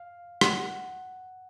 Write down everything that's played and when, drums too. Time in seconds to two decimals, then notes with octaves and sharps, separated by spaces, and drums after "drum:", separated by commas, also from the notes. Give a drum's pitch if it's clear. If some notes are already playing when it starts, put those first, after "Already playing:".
Already playing: F5
0.41 F#5, drum: rim click